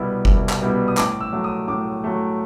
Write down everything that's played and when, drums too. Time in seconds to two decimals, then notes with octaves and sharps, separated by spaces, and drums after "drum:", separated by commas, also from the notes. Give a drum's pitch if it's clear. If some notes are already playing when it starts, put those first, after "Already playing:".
Already playing: C2 B2 G3 B3 E4
0.25 C2, drum: kick F#1
0.49 drum: clap
0.62 B2 G3 B3 E4
0.88 D#6
0.97 A2 D6, drum: clap
1.20 E6
1.33 F#3 A3
1.44 D#6
1.68 A2 D6
2.04 F#3 A3